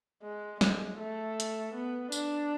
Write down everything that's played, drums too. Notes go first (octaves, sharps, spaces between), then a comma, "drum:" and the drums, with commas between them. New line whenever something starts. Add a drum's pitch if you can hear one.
G#3
G#3, drum: snare
A3
drum: hi-hat
B3
D4, drum: tambourine